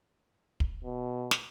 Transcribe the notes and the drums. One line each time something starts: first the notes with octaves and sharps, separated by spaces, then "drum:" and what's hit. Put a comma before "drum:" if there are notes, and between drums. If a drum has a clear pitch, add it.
drum: kick
B2
drum: snare